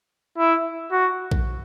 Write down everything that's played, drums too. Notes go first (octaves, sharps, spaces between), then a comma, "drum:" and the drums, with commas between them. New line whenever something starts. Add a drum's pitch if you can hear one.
E4
F#4
drum: kick A#1